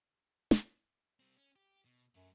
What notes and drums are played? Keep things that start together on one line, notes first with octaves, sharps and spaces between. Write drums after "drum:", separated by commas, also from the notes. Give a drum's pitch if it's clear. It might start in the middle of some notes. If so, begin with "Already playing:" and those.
drum: snare
G3 C4
C#4
G4
B2
F#2 F#3 A3